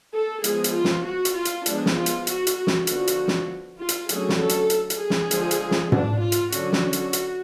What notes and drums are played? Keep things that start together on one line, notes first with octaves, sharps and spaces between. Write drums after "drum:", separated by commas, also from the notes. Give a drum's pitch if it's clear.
A4
F3 G#3 B3 G#4, drum: hi-hat
drum: hi-hat
F4
drum: snare
F#4
drum: hi-hat
F4
drum: hi-hat
F3 G#3 B3 D4, drum: hi-hat
drum: snare
F4
drum: hi-hat
F#4, drum: hi-hat
drum: hi-hat
F#4
drum: snare
D3 F3 B3 F#4, drum: hi-hat
drum: hi-hat
drum: snare
F4
drum: hi-hat
D3 F#3 A3 C#4 G#4, drum: hi-hat
drum: snare
A4
drum: hi-hat
drum: hi-hat
drum: hi-hat
G#4
drum: snare
D3 F3 G#3, drum: hi-hat
drum: hi-hat
drum: snare
D4, drum: tom
F4
drum: hi-hat
D3 F#3 C#4 F#4, drum: hi-hat
drum: snare
drum: hi-hat
drum: hi-hat